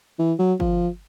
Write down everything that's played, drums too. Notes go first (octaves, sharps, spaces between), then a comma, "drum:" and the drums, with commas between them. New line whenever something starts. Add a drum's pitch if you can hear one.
E3
F#3
F3, drum: kick G1